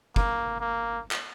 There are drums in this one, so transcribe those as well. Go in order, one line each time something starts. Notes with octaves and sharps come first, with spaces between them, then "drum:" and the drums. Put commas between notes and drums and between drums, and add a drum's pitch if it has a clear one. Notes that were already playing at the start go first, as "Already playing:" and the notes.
A#3, drum: kick
A#3
drum: clap